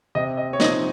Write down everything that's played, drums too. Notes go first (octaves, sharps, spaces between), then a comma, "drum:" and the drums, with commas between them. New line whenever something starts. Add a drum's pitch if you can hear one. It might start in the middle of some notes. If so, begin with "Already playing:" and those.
C3 D#5
D#5
C#5
F3 C4 D#4 D#5, drum: snare